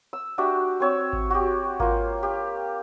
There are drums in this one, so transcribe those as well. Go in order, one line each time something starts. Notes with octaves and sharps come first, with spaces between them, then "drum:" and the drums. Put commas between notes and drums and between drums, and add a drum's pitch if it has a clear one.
E6
D4 F#4 G4 E5
C4 C#5 E6
drum: kick G#1
F#4 G4
A#3 F4, drum: kick G#1
G4